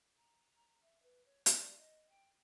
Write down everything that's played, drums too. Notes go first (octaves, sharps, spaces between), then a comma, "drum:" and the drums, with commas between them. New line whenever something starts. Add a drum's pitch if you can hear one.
A#5
E5
B4
C#5
D5, drum: hi-hat
D#5
G5